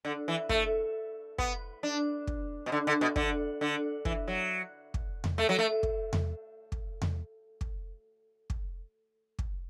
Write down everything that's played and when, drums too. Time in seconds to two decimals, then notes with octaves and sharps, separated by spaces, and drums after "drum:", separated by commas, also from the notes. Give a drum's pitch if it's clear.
0.05 D3
0.28 E3
0.49 A3, drum: kick
1.38 B3, drum: kick
1.83 D4
2.27 drum: kick
2.66 B2
2.72 D3
2.87 D3
3.01 B2
3.16 D3, drum: kick
3.61 D3
4.05 E3, drum: kick
4.28 F#3
4.94 drum: kick
5.24 drum: tom E2
5.38 A3
5.49 F#3
5.59 A3
5.83 drum: kick
6.13 drum: tom E2
6.72 drum: kick
7.02 drum: tom E2
7.61 drum: kick
8.50 drum: kick
9.39 drum: kick